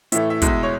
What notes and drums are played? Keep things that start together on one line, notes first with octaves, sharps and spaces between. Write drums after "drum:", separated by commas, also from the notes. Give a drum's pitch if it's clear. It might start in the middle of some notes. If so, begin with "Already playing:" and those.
A2 E3 A3 E5, drum: hi-hat
E5
E2 B2 G#3, drum: kick, hi-hat
E5
C#5